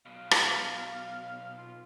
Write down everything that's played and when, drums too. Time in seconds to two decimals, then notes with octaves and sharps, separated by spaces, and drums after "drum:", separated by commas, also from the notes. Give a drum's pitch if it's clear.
0.06 B1 B2 F5
0.31 drum: rim click
1.57 F4